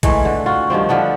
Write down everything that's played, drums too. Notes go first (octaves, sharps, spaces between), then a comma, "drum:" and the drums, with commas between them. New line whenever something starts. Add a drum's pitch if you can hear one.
E3 G#3 A3, drum: kick A1, hi-hat
D3
F4 F#4
G2 D#3 F3 C4
D3 F3 B3 D4